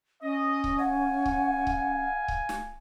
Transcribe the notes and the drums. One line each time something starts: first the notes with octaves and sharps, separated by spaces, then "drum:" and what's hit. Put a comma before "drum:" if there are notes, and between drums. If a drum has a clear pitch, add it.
C#4 D#5
drum: kick C#1
F5 F#5 G#5
drum: kick C#1
drum: kick C#1
drum: kick C#1
drum: snare